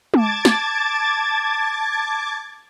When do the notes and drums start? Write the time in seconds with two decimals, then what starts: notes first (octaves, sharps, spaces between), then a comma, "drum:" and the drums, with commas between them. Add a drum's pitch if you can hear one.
0.14 A5 D6 G#6 A6, drum: tom G#3
0.45 drum: snare